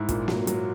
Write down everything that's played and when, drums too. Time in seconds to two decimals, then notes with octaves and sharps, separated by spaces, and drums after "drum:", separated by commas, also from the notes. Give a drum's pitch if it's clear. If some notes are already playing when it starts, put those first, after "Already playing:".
Already playing: G#2 E4
0.09 A#2, drum: kick, hi-hat
0.28 F#3, drum: snare A#3
0.47 F#3, drum: hi-hat